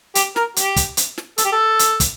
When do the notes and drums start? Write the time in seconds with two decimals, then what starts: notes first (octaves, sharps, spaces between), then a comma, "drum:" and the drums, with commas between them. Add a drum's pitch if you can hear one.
0.15 G4, drum: hi-hat
0.36 A#4, drum: snare
0.56 G4, drum: hi-hat
0.76 drum: kick, hi-hat
0.97 drum: hi-hat
1.18 drum: snare
1.38 A4, drum: hi-hat
1.45 G4
1.52 A4
1.79 drum: hi-hat
2.00 drum: kick, hi-hat